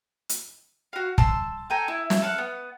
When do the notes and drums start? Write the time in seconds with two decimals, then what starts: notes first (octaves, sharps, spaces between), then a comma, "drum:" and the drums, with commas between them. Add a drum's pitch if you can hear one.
0.29 drum: hi-hat
0.93 F#4 F5
1.18 A5 C6 E6, drum: kick
1.70 A4 G5 G#5 A#5
1.88 E4
2.10 drum: snare
2.22 A4 F5 F#5
2.38 B3